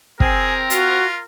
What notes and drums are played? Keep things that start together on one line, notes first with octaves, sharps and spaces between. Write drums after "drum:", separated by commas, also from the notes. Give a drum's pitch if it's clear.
C4 G#4 A#4 G#5, drum: kick
F4 F#4, drum: hi-hat